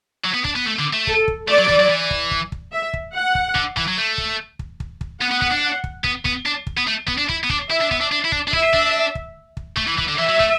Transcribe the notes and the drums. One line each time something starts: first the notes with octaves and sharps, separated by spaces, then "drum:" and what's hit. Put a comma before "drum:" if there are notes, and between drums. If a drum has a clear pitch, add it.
F#3
B3
D4, drum: kick
B3
A3
D3
A3
A4, drum: kick
drum: kick
A3 D5
F#3
E3, drum: kick
F#3
E3
drum: kick
drum: kick
drum: kick
E5
drum: kick
F#5
drum: kick
D3, drum: kick
E3, drum: kick
F#3
A3
drum: kick
drum: kick
drum: kick
drum: kick
B3 F#5
B3
B3, drum: kick
D4
drum: kick
B3, drum: kick
B3, drum: kick
D4
drum: kick
B3
A3
B3, drum: kick
D4
E4, drum: kick
B3
D4, drum: kick
E4 E5
D4
B3, drum: kick
D4
D4
E4
D4, drum: kick
D4
E4 E5, drum: kick
D4, drum: kick
drum: kick
drum: kick
A3, drum: kick
E3
E3, drum: kick
D3
E3 E5
F#3
A3, drum: kick